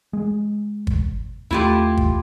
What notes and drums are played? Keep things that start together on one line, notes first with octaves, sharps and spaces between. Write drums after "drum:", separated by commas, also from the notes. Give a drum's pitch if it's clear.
G#3
drum: kick
D#2 A3 E4 F4 G4
drum: kick